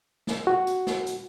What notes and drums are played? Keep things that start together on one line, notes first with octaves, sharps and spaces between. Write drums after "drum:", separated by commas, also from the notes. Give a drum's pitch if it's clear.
drum: snare
F#4
drum: hi-hat
drum: snare
drum: hi-hat